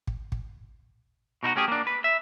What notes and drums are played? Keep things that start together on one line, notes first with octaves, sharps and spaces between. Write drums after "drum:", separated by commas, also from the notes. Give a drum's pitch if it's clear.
drum: kick
drum: kick
B2 D#4 E4 F#4
A3 C#4 G4 G#4
A#3 D4
B4
E5